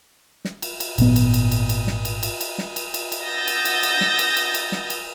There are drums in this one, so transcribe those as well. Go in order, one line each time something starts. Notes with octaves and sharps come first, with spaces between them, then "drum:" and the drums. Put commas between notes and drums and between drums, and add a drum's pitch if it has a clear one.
drum: snare
drum: cymbal
drum: cymbal
G#1 A#2 B3, drum: cymbal
drum: cymbal
drum: cymbal
drum: cymbal
drum: cymbal
drum: snare
drum: cymbal
drum: cymbal
drum: cymbal
drum: snare
drum: cymbal
drum: cymbal
drum: cymbal
F#5 D#6 E6 G6 A6 A#6
drum: cymbal
drum: cymbal
drum: cymbal
drum: snare
drum: cymbal
drum: cymbal
drum: cymbal
drum: snare
drum: cymbal